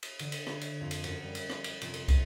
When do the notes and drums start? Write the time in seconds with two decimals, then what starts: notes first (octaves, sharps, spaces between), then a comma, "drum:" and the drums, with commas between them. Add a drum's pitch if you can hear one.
0.03 drum: cymbal
0.19 D3, drum: cymbal
0.32 drum: cymbal
0.47 drum: rim click
0.61 C#5, drum: cymbal
0.81 F2
0.91 drum: cymbal
1.04 F#2, drum: cymbal
1.23 G3
1.35 drum: cymbal
1.50 drum: rim click
1.64 drum: cymbal
1.82 F1, drum: cymbal
1.94 drum: cymbal
2.08 drum: kick, cymbal